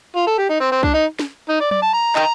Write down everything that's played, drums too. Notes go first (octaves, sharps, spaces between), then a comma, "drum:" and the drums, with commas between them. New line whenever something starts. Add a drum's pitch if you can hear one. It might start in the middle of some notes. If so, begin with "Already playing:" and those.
F4
A4
G4
D#4
C4
C4
D4, drum: kick B1
D#4
drum: snare
D#4
D5
D5, drum: tom F#3
A5
A#5
D#5 G5 A#5, drum: clap